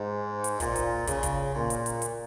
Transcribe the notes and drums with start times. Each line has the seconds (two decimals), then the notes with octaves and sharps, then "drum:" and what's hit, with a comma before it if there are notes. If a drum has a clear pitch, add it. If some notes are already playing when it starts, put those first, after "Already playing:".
Already playing: G#2
0.44 drum: hi-hat
0.60 A#2, drum: kick, hi-hat
0.76 drum: hi-hat
1.07 C#3, drum: kick, hi-hat
1.23 drum: kick, hi-hat
1.55 A#2
1.70 drum: hi-hat
1.86 drum: hi-hat
2.02 drum: hi-hat